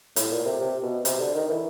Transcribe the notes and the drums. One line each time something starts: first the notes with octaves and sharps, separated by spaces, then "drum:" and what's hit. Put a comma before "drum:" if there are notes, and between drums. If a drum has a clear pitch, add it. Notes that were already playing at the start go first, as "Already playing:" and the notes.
A2, drum: hi-hat
A#2
C3
C3
B2
C3, drum: hi-hat
D3
D#3
E3